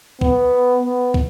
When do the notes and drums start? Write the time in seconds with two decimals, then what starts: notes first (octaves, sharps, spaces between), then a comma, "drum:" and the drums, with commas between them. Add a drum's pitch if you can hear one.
0.21 B3, drum: kick
0.83 B3
1.14 drum: kick